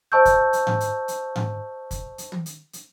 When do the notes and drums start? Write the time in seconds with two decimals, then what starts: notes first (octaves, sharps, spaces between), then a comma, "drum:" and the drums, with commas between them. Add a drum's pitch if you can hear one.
0.12 C5 D#5 A5 C#6 E6 G6
0.25 drum: kick, hi-hat
0.53 drum: hi-hat
0.67 drum: tom G#2
0.81 drum: hi-hat
1.08 drum: hi-hat
1.36 drum: tom G#2
1.91 drum: kick, hi-hat
2.18 drum: hi-hat
2.32 drum: tom
2.46 drum: hi-hat
2.73 drum: hi-hat